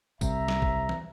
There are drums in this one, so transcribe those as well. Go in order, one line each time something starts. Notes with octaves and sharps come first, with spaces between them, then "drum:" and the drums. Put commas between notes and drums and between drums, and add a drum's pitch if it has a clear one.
C2 C3 E5 A#5, drum: kick, tambourine
drum: snare
drum: kick
drum: tom E3